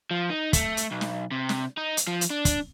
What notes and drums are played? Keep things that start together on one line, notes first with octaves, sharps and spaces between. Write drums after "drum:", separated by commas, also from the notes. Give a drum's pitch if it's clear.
F3
D#4
A3, drum: kick, hi-hat
drum: hi-hat
B1
drum: snare
C3
drum: snare
D#4
drum: hi-hat
F3
drum: hi-hat
D4
drum: kick, hi-hat